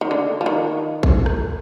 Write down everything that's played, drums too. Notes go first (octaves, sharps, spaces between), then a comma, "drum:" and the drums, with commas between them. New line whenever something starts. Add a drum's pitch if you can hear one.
D#3
D3
F3
D#3
drum: kick
drum: rim click